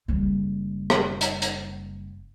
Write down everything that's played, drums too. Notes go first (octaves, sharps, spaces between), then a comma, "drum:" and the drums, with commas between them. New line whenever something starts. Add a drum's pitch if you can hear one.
F#1 G3
drum: rim click
drum: hi-hat
drum: hi-hat